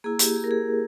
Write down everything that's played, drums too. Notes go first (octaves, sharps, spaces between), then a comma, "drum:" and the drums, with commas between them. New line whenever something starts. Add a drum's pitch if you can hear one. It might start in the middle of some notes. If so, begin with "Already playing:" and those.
A#3 E4 G#4
G4, drum: hi-hat
G#4
A#4
G#4